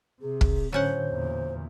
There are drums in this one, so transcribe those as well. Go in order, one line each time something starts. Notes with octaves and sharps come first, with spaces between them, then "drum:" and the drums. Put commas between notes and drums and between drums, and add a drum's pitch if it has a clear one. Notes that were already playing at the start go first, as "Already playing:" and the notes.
C3 G#4
drum: kick
A2 D3 F#3 C#4 C5 F#5 G6
E2 A#2